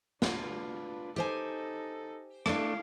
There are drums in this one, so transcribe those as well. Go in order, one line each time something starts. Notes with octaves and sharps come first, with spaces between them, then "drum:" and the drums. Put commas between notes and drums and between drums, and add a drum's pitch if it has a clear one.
D4 F4 B4, drum: snare
D#4 G4 A4 C5 G#5
A3 D4 E4 F5, drum: rim click